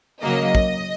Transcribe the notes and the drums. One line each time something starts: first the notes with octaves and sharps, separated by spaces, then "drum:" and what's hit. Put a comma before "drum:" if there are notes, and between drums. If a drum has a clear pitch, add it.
C#3 F#3 A#3 D#5
drum: kick